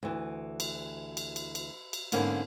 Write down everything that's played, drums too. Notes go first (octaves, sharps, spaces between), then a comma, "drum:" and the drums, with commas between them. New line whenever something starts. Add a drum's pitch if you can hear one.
D2 E3
drum: cymbal
drum: cymbal
drum: cymbal
drum: cymbal
drum: cymbal
G#2 D3 A#3 B3 C#4, drum: cymbal